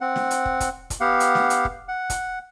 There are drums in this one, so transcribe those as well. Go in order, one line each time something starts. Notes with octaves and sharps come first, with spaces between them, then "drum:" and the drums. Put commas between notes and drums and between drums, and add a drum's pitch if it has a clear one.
C4 F#5
drum: snare
drum: hi-hat
drum: kick
drum: kick, hi-hat
drum: kick, hi-hat
B3 G4 F5 F#5
drum: hi-hat
drum: snare
drum: hi-hat
drum: kick
F#5
drum: kick, hi-hat